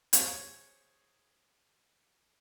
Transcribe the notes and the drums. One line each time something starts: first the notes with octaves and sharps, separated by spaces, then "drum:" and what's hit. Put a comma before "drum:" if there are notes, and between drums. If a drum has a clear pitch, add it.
G#4 C5 C#5, drum: hi-hat